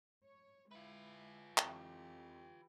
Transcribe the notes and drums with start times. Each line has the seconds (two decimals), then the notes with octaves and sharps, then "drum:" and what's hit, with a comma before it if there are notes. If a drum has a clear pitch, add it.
0.25 C#5
0.71 G#3 E4 F4 B4
1.58 F2 E3 G4, drum: clap